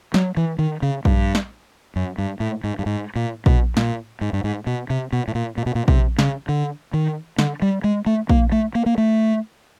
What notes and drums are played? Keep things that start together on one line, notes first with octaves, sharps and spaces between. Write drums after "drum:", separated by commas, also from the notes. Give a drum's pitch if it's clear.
F#3, drum: snare
E3
D#3
C#3
G2, drum: kick A#1
drum: snare
F#2
G2
A2
G#2
G2
G#2
A#2
B2, drum: kick A#1
A#2, drum: snare
G#2
G2
G#2
B2
C3
B2
A2
A#2
A#2
B2
A#2
C3, drum: kick A#1
C#3, drum: snare
D3
D#3
D3, drum: snare
G3
G#3
A3
A#3, drum: kick A#1
A3
A#3
A#3
A3